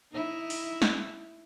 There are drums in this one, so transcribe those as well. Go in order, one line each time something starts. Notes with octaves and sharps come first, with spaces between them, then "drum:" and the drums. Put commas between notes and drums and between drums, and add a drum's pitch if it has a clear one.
D#4 E4
drum: open hi-hat
drum: snare